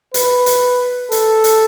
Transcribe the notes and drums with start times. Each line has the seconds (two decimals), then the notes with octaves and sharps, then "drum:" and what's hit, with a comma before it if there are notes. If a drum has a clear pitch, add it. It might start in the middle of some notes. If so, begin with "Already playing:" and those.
0.14 B4, drum: hi-hat
0.46 drum: hi-hat
1.12 A4, drum: hi-hat
1.44 drum: hi-hat